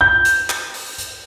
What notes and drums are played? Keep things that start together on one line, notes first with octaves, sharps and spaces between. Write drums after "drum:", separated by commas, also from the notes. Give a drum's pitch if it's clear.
G6
drum: hi-hat
drum: clap
drum: open hi-hat
drum: hi-hat